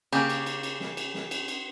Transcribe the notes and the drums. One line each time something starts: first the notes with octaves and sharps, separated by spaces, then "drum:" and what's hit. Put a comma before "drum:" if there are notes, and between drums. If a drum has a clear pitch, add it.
C#3 A#3 G4 G#4, drum: cymbal
drum: cymbal
drum: cymbal
drum: cymbal
drum: snare
drum: cymbal
drum: snare
drum: cymbal
drum: cymbal